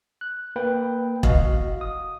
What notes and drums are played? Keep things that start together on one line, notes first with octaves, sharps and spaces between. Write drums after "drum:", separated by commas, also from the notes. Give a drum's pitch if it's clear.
F#6
A#3 B4 G5
F#4 D#5 F5, drum: kick E1
D#6